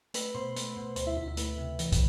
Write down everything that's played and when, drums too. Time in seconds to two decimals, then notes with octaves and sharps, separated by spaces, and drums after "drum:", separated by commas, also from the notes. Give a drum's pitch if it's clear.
0.14 A3 B4 B5, drum: hi-hat
0.35 B2 C5 C6
0.56 A3, drum: hi-hat
0.77 B2
0.96 D2 C5 C6, drum: hi-hat
1.07 E4 E5
1.17 D2 E4 E5
1.28 E4 E5
1.37 A3 B4, drum: hi-hat
1.58 C3
1.79 E3, drum: hi-hat
1.92 drum: kick, hi-hat